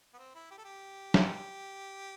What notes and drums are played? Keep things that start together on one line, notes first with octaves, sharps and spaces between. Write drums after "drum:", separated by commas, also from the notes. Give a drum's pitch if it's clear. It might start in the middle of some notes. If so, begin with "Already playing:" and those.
B3
C4
E4
G4
A4
G4
drum: snare